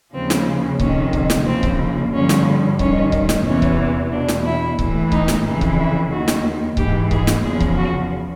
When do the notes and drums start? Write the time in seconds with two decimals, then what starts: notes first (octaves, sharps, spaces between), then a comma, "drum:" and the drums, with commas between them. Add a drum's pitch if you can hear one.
0.13 D#2 C#3 F3 C4
0.30 drum: snare
0.80 F2 C3 D#3 C#4, drum: kick C#1
1.13 drum: kick C#1
1.30 drum: snare
1.46 D#2 C#3 F3 C4
1.63 drum: kick C#1
2.13 G2 D3 F3 C#4
2.29 drum: snare
2.79 G2 D#3 C#4, drum: kick C#1
3.12 drum: kick C#1
3.29 drum: snare
3.45 E2 C3 E3 C#4
3.62 drum: kick C#1
4.12 E2 B2 D4
4.28 drum: snare
4.45 E4
4.79 A2 E3, drum: kick C#1
5.12 D#4, drum: kick C#1
5.28 drum: snare
5.45 F2 C#3 E3
5.61 drum: kick C#1
5.78 E4
6.11 D#2 D#3 F#4
6.28 drum: snare
6.77 G#2 E3 G4, drum: kick C#1
7.11 G#4, drum: kick C#1
7.27 drum: snare
7.44 E2 C#3 F3 G#4
7.60 drum: kick C#1
7.77 F#4